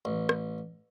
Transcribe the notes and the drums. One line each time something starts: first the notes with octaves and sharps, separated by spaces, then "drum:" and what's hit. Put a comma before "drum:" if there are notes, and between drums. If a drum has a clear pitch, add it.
A1
drum: rim click